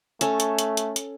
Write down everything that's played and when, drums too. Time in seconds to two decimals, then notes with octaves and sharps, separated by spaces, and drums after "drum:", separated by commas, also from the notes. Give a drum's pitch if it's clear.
0.21 A3 C#4 A4, drum: hi-hat
0.40 drum: hi-hat
0.59 drum: hi-hat
0.77 drum: hi-hat
0.96 drum: hi-hat